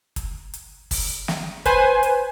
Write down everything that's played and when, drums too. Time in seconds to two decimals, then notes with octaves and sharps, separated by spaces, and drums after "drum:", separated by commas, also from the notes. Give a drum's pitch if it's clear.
0.16 drum: kick, hi-hat
0.54 drum: hi-hat
0.91 drum: kick, open hi-hat
1.28 drum: snare
1.65 B4 C5 G#5, drum: kick, hi-hat
2.03 drum: hi-hat